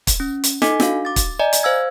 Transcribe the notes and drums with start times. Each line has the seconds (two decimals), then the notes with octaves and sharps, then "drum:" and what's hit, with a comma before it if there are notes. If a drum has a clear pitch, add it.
0.07 drum: kick, hi-hat
0.20 C#4
0.44 drum: hi-hat
0.62 D#4 A4 D#5 G#5 D6 B6, drum: snare
0.80 D4 F#4 F5, drum: snare
1.05 D6 A6
1.16 drum: kick, hi-hat
1.40 D5 D#5 G#5 A#5
1.53 drum: hi-hat
1.63 C5 F5 E6 G#6